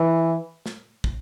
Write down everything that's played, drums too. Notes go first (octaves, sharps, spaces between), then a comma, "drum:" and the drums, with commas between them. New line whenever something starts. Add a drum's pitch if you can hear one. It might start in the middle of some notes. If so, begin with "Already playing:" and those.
Already playing: E3
drum: snare
drum: kick